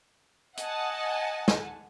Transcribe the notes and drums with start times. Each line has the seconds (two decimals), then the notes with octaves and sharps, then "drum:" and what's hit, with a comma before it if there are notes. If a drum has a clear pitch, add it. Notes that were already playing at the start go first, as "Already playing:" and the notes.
0.57 D#5 F#5 G#5 A5, drum: hi-hat
1.48 drum: snare